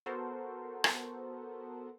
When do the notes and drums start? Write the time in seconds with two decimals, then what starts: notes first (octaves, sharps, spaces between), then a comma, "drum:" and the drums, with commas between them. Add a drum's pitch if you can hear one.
0.06 B3 F#4 A4 A#4 C5
0.84 drum: rim click